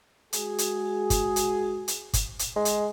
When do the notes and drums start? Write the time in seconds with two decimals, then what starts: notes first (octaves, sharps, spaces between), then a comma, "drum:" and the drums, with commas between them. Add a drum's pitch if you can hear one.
0.33 G#3 F#4 G#4, drum: hi-hat
0.58 drum: hi-hat
1.10 drum: kick G1, hi-hat
1.36 drum: hi-hat
1.88 drum: hi-hat
2.13 drum: kick G1, hi-hat
2.39 drum: hi-hat
2.56 G#3
2.65 drum: hi-hat